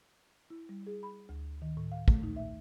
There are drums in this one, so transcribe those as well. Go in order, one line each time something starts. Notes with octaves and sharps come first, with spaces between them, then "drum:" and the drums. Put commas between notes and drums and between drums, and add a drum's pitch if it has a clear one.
E4
G3
G#4
B5
D2
D#3
A2
F5
A3, drum: kick
D#4
E5